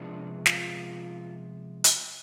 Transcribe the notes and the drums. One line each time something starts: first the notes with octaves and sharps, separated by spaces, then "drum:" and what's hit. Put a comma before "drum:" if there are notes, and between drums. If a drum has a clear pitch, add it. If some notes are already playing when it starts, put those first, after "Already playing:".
Already playing: C3 F3 G#3 B3 D4
F4, drum: snare
drum: hi-hat